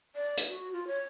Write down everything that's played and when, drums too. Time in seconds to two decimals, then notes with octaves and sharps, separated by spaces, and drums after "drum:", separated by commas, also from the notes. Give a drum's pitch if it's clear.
0.15 D5
0.37 drum: hi-hat
0.49 F#4
0.73 F4
0.87 C#5